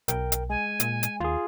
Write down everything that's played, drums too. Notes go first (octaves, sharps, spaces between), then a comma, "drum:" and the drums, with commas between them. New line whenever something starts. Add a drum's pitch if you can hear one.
B1 A#4 G5, drum: hi-hat
drum: hi-hat
G#3 G#5
A#2, drum: hi-hat
drum: hi-hat
D#2 F4 G#4